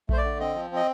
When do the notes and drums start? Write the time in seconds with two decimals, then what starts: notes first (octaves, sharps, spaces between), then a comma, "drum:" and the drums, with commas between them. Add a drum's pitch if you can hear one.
0.09 A3 C5, drum: kick A#1
0.17 D5
0.24 D3
0.40 C4 D#5
0.55 F3
0.72 C4 D#5